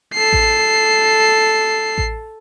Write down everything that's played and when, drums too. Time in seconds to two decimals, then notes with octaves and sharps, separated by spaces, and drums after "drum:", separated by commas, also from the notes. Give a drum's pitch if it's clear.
0.14 A4 C7
0.33 drum: kick A1
1.98 drum: kick A1